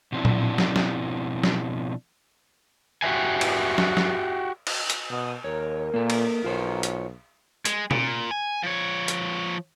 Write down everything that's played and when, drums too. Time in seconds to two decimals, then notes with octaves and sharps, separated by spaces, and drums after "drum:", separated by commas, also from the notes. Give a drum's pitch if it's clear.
0.12 B2 F3 C4 D4 E4
0.25 drum: tom A#2
0.58 drum: snare
0.76 drum: snare
1.44 drum: snare
3.02 F#4 G4 D#5 E5 G#5
3.41 drum: cymbal
3.78 drum: snare
3.97 drum: snare
4.67 drum: cymbal
4.90 drum: hi-hat
5.10 B2 D#6
5.44 D#2 A#4 C#5
5.94 A#2 A#3 A4
6.10 drum: cymbal
6.44 B1 F4 C5 C#5
6.83 drum: hi-hat
7.65 G#3, drum: hi-hat
7.91 A#2, drum: tom B2
8.31 G#5
8.63 F3 C#5
9.08 drum: hi-hat